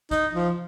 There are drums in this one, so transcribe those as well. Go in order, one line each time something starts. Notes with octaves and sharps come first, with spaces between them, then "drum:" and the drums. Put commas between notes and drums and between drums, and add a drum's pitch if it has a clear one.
D#4, drum: kick G#1, hi-hat
F3